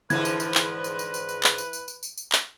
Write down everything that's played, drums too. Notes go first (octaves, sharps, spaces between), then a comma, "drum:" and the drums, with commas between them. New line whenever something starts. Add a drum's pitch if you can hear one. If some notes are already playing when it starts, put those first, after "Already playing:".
G#2 D3 E3 F3 B4 G#6, drum: tambourine
drum: tambourine
drum: tambourine
drum: clap
drum: tambourine
drum: tambourine
drum: tambourine
drum: tambourine
drum: clap
drum: tambourine
drum: tambourine
drum: tambourine
drum: tambourine
drum: tambourine
drum: clap